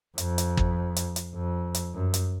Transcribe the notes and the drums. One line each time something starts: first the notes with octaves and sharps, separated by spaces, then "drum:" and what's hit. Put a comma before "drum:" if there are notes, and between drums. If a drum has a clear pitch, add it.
F2, drum: hi-hat
drum: hi-hat
drum: kick
drum: hi-hat
drum: hi-hat
F2
drum: hi-hat
F#2
drum: hi-hat